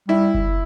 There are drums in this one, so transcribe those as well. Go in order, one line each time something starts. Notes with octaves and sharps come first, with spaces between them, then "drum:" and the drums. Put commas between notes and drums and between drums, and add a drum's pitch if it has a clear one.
G3 E4
drum: kick F#1